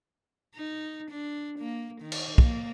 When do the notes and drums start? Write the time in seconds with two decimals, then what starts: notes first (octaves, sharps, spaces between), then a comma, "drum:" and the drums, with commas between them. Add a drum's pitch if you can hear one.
0.55 D#4
1.11 D4
1.59 A#3
2.01 D#3
2.12 drum: cymbal
2.38 A#3, drum: kick